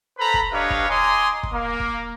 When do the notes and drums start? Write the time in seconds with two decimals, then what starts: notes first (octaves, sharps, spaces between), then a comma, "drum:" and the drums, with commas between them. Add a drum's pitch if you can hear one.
0.18 A4 B4 C5 A#5 B5
0.34 drum: kick
0.51 D4 G4 B4 C#5 D#5 F5
0.70 drum: kick
0.89 D#5 G#5 A#5 C6 D6 D#6
1.43 drum: kick
1.53 A#3
1.80 drum: kick